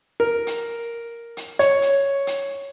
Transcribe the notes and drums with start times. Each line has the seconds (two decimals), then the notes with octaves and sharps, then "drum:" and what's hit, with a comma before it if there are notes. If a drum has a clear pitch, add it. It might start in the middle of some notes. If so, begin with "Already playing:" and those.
0.20 A#4
0.47 drum: hi-hat
1.37 drum: hi-hat
1.59 C#5, drum: hi-hat
1.82 drum: hi-hat
2.27 drum: hi-hat